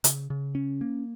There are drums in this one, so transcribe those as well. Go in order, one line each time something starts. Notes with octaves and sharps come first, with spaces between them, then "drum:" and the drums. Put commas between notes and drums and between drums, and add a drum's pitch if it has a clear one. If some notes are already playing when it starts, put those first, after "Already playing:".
C#3, drum: hi-hat
C#3
C#4
A#3